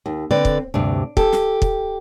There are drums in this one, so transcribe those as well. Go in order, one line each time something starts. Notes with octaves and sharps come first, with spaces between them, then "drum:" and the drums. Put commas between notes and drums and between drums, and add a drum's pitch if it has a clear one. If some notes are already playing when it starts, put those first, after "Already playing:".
D#2
D3 C4 B4 D5
drum: kick
D2 G2 C3 D4
G4 A4, drum: kick
drum: snare
drum: kick